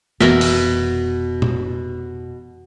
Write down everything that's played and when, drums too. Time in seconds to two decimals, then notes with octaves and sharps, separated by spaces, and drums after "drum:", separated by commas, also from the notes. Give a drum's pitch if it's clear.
0.21 F1 B2 E3 B3 A#4 E5, drum: snare
0.41 drum: open hi-hat
1.42 drum: tom A#2